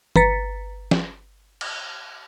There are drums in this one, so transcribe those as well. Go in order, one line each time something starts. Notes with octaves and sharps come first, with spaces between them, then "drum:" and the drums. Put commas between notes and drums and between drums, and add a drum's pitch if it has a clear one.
G1 B4 A#5 A6 B6 C#7, drum: tom
drum: snare
drum: cymbal